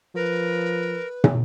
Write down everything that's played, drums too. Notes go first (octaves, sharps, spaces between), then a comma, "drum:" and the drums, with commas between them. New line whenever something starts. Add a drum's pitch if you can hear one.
F3 A#4 B4
drum: tom